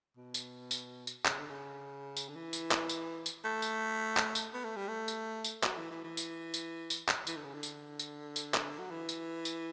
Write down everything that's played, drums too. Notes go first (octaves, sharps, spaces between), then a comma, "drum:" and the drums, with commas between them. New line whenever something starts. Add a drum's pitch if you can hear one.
B2
drum: tambourine
drum: tambourine
drum: tambourine
C#3, drum: clap
D3
C#3
drum: tambourine
D3
E3
drum: tambourine
drum: clap
drum: tambourine
drum: tambourine
A3
drum: tambourine
drum: clap
drum: tambourine
B3
A3
G3
A3
drum: tambourine
drum: tambourine
F#3, drum: clap
E3
E3
E3
drum: tambourine
drum: tambourine
drum: tambourine
drum: clap
E3, drum: tambourine
D3
C#3
D3
drum: tambourine
drum: tambourine
drum: tambourine
drum: clap
F#3
E3
drum: tambourine
drum: tambourine